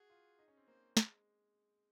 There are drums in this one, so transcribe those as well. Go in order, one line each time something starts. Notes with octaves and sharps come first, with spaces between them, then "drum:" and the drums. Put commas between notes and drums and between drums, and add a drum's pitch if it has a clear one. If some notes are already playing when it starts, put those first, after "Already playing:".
Already playing: F#4 G#4
F4
D#4
C#4
C4
A#3 C5
G#3, drum: snare